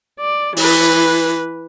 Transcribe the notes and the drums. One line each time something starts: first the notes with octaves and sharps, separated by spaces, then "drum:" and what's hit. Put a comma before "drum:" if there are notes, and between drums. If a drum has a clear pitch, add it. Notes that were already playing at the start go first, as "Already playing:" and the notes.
D5
E3 B4, drum: open hi-hat